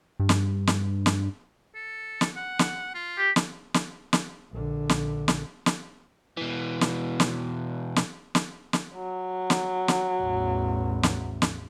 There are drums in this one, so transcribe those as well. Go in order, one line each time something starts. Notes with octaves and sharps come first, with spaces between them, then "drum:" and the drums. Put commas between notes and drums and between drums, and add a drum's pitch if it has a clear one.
G2
drum: snare
drum: snare
drum: snare
A4
drum: snare
F#5
drum: snare
F4
G4
drum: snare
drum: snare
drum: snare
A#1 D3
drum: snare
drum: snare
drum: snare
B2 E3
drum: snare
drum: snare
drum: snare
drum: snare
drum: snare
F#3
drum: snare
drum: snare
A1 E2
drum: snare
drum: snare